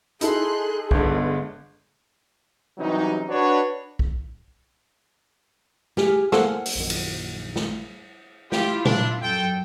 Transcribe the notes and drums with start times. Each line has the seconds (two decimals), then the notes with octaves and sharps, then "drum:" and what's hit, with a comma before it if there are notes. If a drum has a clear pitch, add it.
0.21 D#4 E4 G#4 A4 C6 F#6, drum: hi-hat
0.91 G1 D3 G#3 B3, drum: kick B1
2.78 C3 E3 F#3 G3 C#4 D#4
3.30 D4 F#4 B4 C#5
3.99 drum: kick B1
5.97 G4 G#4 G#5 F6, drum: snare
6.32 A#3 A4 C5 F#5, drum: snare
6.66 drum: open hi-hat
6.75 A#1 F#2 D#3
6.90 drum: cymbal
7.56 drum: snare
8.52 E4 F4 G4, drum: snare
8.85 D4, drum: tom
9.22 F#2 A4 G5